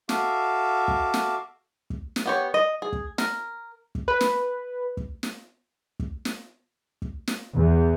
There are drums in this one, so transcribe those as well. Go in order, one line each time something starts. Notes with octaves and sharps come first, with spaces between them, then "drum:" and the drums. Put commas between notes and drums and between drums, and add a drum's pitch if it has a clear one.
F#4 A4 E5 F5 D6, drum: snare
drum: kick
drum: snare
drum: kick
drum: snare
B3 G4 C#5
D#5
G#4
drum: kick
A#4, drum: snare
drum: kick
B4
drum: snare
drum: kick
drum: snare
drum: kick
drum: snare
drum: kick
drum: snare
E2